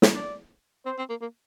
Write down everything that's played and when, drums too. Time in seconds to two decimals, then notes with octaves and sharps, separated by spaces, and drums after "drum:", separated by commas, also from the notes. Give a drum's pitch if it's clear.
0.02 drum: snare
0.15 D4 D5
0.85 C4 C5
0.98 C4
1.09 A#3
1.21 A#3